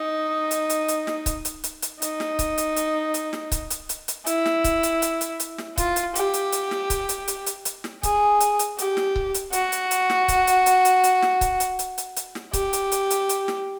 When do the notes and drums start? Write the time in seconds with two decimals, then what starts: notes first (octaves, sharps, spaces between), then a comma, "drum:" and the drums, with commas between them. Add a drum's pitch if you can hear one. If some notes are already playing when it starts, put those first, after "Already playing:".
Already playing: D#4
0.51 drum: hi-hat
0.70 drum: hi-hat
0.88 drum: hi-hat
1.07 drum: snare
1.26 drum: kick C#1, hi-hat
1.45 drum: hi-hat
1.64 drum: hi-hat
1.82 drum: hi-hat
2.02 D#4, drum: hi-hat
2.20 drum: snare
2.39 drum: kick C#1, hi-hat
2.58 drum: hi-hat
2.76 drum: hi-hat
3.14 drum: hi-hat
3.33 drum: snare
3.52 drum: kick C#1, hi-hat
3.70 drum: hi-hat
3.89 drum: hi-hat
4.08 drum: hi-hat
4.26 E4, drum: hi-hat
4.46 drum: snare
4.64 drum: kick C#1, hi-hat
4.83 drum: hi-hat
5.02 drum: hi-hat
5.21 drum: hi-hat
5.40 drum: hi-hat
5.58 drum: snare
5.78 F4, drum: kick C#1, hi-hat
5.96 drum: hi-hat
6.15 G4, drum: hi-hat
6.34 drum: hi-hat
6.52 drum: hi-hat
6.71 drum: snare
6.90 drum: kick C#1, hi-hat
7.09 drum: hi-hat
7.28 drum: hi-hat
7.46 drum: hi-hat
7.65 drum: hi-hat
7.84 drum: snare
8.03 G#4, drum: kick C#1, hi-hat
8.40 drum: hi-hat
8.59 drum: hi-hat
8.78 G4, drum: hi-hat
8.97 drum: snare
9.16 drum: kick C#1
9.34 drum: hi-hat
9.53 F#4, drum: hi-hat
9.72 drum: hi-hat
9.91 drum: hi-hat
10.10 drum: snare
10.28 drum: kick C#1, hi-hat
10.47 drum: hi-hat
10.66 drum: hi-hat
10.85 drum: hi-hat
11.04 drum: hi-hat
11.22 drum: snare
11.41 drum: kick C#1, hi-hat
11.60 drum: hi-hat
11.79 drum: hi-hat
11.98 drum: hi-hat
12.16 drum: hi-hat
12.35 drum: snare
12.53 G4, drum: kick C#1, hi-hat
12.73 drum: hi-hat
12.92 drum: hi-hat
13.10 drum: hi-hat
13.29 drum: hi-hat
13.48 drum: snare